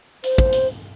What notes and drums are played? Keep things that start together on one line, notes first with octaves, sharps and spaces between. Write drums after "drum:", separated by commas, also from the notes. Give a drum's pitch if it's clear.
C5, drum: hi-hat
drum: kick
drum: hi-hat